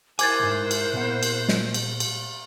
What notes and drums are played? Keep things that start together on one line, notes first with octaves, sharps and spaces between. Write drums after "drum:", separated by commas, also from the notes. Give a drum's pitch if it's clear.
E4 A#4 C5 G#5 D6 F#6 G#6 A6, drum: cymbal
C2 G#2
drum: cymbal
A#2 B3 F#5
drum: cymbal
drum: snare
drum: cymbal
drum: cymbal